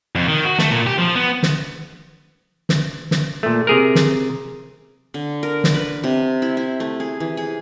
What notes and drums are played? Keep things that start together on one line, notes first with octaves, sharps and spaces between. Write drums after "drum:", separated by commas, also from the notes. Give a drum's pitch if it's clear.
F2
D#3
F#4
A3, drum: snare
A#2
G4
F3
B3
drum: snare
drum: snare
drum: snare
A#2 A3
C3 G#4 A#4
drum: snare
D3
A#4
drum: snare
B4
C3
E4
E4
A3
G#4
E3
G#4